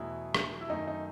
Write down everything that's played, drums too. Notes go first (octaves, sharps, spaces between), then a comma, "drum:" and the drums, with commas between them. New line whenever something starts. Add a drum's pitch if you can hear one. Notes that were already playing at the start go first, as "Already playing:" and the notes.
Already playing: E2 B2 F#3 A3 E4
drum: rim click
E4
F#2 D#3 A3 D#4
D#4